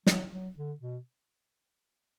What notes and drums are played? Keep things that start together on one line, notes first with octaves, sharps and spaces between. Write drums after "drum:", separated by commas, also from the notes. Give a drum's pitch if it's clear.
F#3, drum: snare
F#3
D3
B2